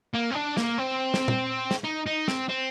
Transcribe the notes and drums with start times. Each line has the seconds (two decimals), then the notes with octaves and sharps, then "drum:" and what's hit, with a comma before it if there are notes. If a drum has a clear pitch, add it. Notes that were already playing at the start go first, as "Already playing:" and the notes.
0.15 A#3
0.31 C4
0.35 D4
0.57 A#3, drum: snare
0.78 C4
1.14 drum: snare
1.28 drum: tom
1.71 drum: snare
1.85 D#4
2.06 D#4
2.28 C4, drum: snare
2.49 C4